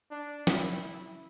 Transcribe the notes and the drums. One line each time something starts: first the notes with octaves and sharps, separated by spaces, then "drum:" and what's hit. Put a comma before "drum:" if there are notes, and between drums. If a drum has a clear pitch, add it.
D4
E4, drum: snare
E4